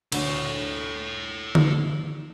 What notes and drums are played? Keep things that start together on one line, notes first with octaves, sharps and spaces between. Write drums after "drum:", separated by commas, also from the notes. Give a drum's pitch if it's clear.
D2 A4 C#5, drum: cymbal
drum: tom D3